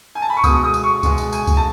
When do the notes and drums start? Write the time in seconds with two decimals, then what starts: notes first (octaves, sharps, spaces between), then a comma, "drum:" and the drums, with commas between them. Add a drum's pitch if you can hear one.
0.15 G#5
0.22 A5
0.30 B5
0.37 C#6
0.44 B2 G#3 B3 D#6, drum: kick C#2, tambourine
0.64 D#6
0.74 drum: tambourine
0.84 C#6
1.03 B2 G#3 B3, drum: kick C#2, tambourine
1.18 drum: tambourine
1.33 G#5, drum: tambourine
1.47 drum: kick C#2, tambourine
1.57 A5